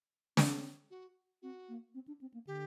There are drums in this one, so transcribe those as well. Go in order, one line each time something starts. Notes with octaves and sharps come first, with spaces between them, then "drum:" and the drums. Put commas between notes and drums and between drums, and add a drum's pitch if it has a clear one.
C4, drum: snare
F#4
C4 F#4
A#3
C4
D4
C4
A#3
D3 G4